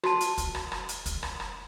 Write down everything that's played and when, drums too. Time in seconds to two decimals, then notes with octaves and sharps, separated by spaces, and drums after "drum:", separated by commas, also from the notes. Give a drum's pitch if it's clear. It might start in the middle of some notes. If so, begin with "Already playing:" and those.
0.04 F#4 A5, drum: rim click
0.21 drum: hi-hat
0.38 drum: kick, hi-hat
0.55 drum: rim click
0.72 drum: rim click
0.89 drum: hi-hat
1.06 drum: kick, hi-hat
1.23 drum: rim click
1.40 drum: rim click